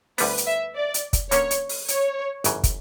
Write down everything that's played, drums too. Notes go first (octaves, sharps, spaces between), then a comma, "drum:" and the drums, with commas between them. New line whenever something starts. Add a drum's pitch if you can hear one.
D2 D3 G3 B3 B4, drum: open hi-hat
drum: hi-hat
E5
D5
drum: hi-hat
drum: kick, hi-hat
D3 A#3 C#4 C#5, drum: hi-hat
drum: hi-hat
drum: open hi-hat
C#5, drum: hi-hat
G1 F#2 C#3 E3, drum: hi-hat
drum: kick, hi-hat